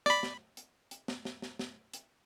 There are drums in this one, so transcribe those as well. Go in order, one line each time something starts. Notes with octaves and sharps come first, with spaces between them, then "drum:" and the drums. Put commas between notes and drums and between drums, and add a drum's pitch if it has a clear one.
D5 B5, drum: snare
drum: snare
drum: hi-hat
drum: hi-hat
drum: snare
drum: snare
drum: snare
drum: snare
drum: hi-hat